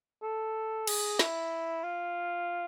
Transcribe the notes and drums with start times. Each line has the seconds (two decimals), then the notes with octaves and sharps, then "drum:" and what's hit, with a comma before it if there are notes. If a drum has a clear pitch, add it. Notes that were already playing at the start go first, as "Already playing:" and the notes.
0.22 A4
0.87 G#4, drum: cymbal
1.19 E4, drum: snare
1.84 F4